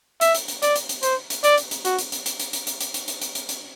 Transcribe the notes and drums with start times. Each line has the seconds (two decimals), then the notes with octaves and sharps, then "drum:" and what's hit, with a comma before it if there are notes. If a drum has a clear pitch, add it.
0.21 E5, drum: hi-hat
0.35 drum: hi-hat
0.48 drum: hi-hat
0.62 D5, drum: hi-hat
0.76 drum: hi-hat
0.89 drum: hi-hat
1.03 C5, drum: hi-hat
1.30 drum: hi-hat
1.44 D5, drum: hi-hat
1.58 drum: hi-hat
1.71 drum: hi-hat
1.85 F#4, drum: hi-hat
1.99 drum: hi-hat
2.12 drum: hi-hat
2.26 drum: hi-hat
2.40 drum: hi-hat
2.53 drum: hi-hat
2.67 drum: hi-hat
2.81 drum: hi-hat
2.94 drum: hi-hat
3.08 drum: hi-hat
3.22 drum: hi-hat
3.35 drum: hi-hat
3.49 drum: hi-hat